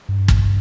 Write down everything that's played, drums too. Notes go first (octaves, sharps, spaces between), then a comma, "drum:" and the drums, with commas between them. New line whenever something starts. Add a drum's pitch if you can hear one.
G2
drum: kick